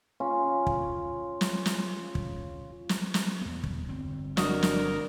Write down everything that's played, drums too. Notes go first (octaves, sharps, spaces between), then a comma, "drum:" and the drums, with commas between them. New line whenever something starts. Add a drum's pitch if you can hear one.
C#3 C#4 F4
drum: kick
drum: snare
drum: snare
drum: kick
drum: snare
drum: snare
E2 B3
drum: kick
G1 C4
D2 D4 F#4 A#4 D#5, drum: snare
drum: snare